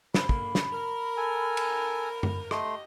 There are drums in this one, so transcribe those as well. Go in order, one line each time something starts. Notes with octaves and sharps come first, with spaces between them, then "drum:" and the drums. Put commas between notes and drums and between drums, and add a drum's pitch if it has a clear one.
D#2 A#2 C5 B5, drum: snare
D3 A#3, drum: kick
drum: snare
A#4
A4 G#5
drum: cymbal
drum: tom F#2
A3 G4 D#5 C6, drum: rim click